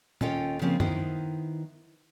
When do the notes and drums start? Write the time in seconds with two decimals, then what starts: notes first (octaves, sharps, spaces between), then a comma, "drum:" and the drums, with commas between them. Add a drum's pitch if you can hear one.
0.21 D#2 C#4 F4 A4 D#5 G5, drum: tom A#2
0.62 C#3 F3 A#3 C4 C#4
0.80 D#3 B3 E4 C5, drum: tom F#2